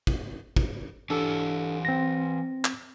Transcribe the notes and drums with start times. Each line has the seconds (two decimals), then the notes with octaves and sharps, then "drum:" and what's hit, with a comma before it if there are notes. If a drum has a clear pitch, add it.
0.07 drum: kick
0.57 drum: kick
1.10 E3 D4 G4 A4
1.85 C4 A#6
2.65 drum: clap